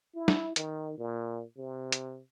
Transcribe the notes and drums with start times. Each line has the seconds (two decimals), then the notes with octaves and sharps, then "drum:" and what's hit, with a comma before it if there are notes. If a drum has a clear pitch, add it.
0.15 E4
0.28 drum: snare
0.56 D#3, drum: hi-hat
0.98 A#2
1.57 C3
1.92 drum: hi-hat